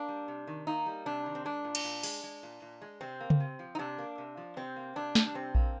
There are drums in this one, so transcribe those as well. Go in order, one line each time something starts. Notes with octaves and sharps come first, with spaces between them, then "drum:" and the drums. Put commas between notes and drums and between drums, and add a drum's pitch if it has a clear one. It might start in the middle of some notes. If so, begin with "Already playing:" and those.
Already playing: A#3 D4
G3
C3
D#3
A#3 D#4
G3
C3 D4
D#3
C4
G#3 D4
A#2
drum: cymbal
A#2
G#3, drum: open hi-hat
G#3
A#2
A#2
G#3
C3 C4
A#3
drum: tom C#3
C3
F3
D#4
C3 D4
A#3
C3
F3
C3 C4
A#3
C3 D4
G3, drum: snare
D4
C3 C4
A#3, drum: kick A#1